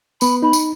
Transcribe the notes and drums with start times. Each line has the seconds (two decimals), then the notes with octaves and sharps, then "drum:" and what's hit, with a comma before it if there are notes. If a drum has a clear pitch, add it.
0.21 B3 B5, drum: tambourine
0.42 D#4 B5
0.53 drum: tambourine